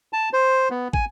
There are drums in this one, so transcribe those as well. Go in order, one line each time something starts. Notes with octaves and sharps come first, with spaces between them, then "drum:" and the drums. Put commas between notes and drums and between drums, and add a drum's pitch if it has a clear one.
A5
C5
B3
G#5, drum: kick